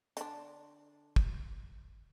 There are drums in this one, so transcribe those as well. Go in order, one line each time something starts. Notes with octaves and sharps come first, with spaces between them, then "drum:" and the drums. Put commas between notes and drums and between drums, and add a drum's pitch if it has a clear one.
D3 D4, drum: hi-hat
drum: kick